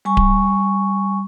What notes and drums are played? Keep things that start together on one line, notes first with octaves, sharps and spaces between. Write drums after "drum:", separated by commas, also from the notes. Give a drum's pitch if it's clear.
G3 G#5 C#6
drum: kick D1